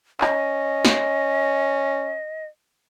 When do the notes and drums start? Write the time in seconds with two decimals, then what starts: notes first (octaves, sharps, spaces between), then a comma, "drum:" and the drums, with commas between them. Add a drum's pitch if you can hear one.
0.21 C#4 D#5, drum: clap
0.85 drum: snare